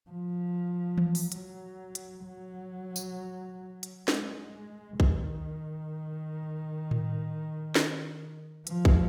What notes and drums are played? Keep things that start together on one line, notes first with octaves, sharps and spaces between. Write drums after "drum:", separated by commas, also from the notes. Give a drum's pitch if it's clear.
F3
drum: tom E3
drum: open hi-hat
F#3, drum: hi-hat
drum: hi-hat
F#3
drum: tambourine
drum: hi-hat
G#3, drum: snare
D#3, drum: kick A#1
drum: tom A2
drum: snare
F3, drum: hi-hat
drum: kick A#1